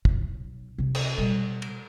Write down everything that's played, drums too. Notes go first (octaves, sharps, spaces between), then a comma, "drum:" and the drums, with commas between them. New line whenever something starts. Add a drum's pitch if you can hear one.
B1, drum: kick
C3 C#4
drum: cymbal
B2 G3
drum: cymbal